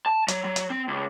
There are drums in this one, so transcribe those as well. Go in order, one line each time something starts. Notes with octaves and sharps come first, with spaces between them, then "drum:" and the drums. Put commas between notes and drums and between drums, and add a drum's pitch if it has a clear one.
A5
F#3, drum: hi-hat
F#3
drum: hi-hat
C4
C#2